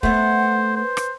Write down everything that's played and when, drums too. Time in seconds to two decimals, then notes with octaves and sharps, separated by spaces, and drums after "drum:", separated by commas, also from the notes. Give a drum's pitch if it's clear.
0.03 A3 B3 C5 F#5, drum: kick
0.76 B4 C5
0.97 drum: rim click